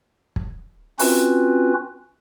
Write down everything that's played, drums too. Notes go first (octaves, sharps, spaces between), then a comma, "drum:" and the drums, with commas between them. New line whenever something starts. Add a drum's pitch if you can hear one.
drum: kick
C4 C#4 F4 F#4 B4, drum: open hi-hat